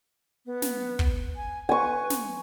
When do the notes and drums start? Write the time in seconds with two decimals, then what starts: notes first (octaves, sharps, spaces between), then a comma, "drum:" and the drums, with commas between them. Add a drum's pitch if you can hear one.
0.46 B3
0.62 drum: snare
0.99 drum: kick
1.36 G#5
1.69 B4 G#5 C#6
2.10 drum: snare